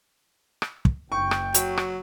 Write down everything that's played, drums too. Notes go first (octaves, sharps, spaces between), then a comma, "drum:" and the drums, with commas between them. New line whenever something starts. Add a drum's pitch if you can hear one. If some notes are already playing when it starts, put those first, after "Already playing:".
drum: rim click
drum: kick
F#1 G5 C#6
drum: rim click
F#3, drum: hi-hat
drum: rim click